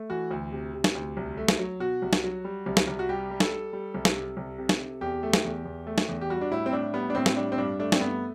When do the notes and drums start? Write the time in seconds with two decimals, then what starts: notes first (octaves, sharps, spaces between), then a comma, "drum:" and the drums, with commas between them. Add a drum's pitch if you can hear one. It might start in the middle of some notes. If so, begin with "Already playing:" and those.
Already playing: A3
0.10 E3 F#4
0.31 D2
0.52 C3
0.74 C3
0.84 drum: snare
0.95 D2
1.17 C2
1.37 A3
1.48 drum: snare
1.59 F#3
1.80 B2 F#4
2.02 C2
2.13 drum: snare
2.24 F#3
2.44 G3
2.66 C2
2.77 drum: snare
2.87 C2
2.99 F#4
3.09 G3 G4
3.31 G3
3.40 A4, drum: snare
3.52 G3
3.73 G3
3.94 C2
4.05 drum: snare
4.16 C3
4.37 C2
4.58 C3
4.69 drum: snare
4.79 C3
5.01 E2 G4
5.23 A3
5.33 drum: snare
5.44 E2
5.65 E2
5.87 A3
5.98 drum: snare
6.09 E2
6.21 G4
6.30 G3 F#4
6.41 D4
6.51 A2 E4
6.66 C4
6.73 A2 D4
6.94 G3 B3
7.10 D4
7.15 A2 C4
7.26 drum: snare
7.36 G3 D4
7.52 C4
7.58 G2 D4
7.79 A3 D4
7.92 C4, drum: snare
8.00 G2 B3